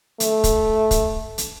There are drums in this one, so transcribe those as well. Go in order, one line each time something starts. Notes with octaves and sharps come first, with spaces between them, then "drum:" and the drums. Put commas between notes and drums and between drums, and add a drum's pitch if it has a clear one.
A3, drum: hi-hat
drum: kick, hi-hat
drum: kick, hi-hat
drum: hi-hat